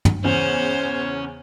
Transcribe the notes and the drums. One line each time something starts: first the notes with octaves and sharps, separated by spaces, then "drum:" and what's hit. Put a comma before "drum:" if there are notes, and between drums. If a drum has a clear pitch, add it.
drum: tom
E2 C#3 E3 C#4 C5 C#5